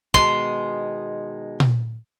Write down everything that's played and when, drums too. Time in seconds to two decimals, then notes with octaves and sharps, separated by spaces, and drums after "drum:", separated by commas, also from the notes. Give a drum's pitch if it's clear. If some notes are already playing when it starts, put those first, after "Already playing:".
0.14 B2 D#3 G#3 C6, drum: kick
1.60 drum: tom A#2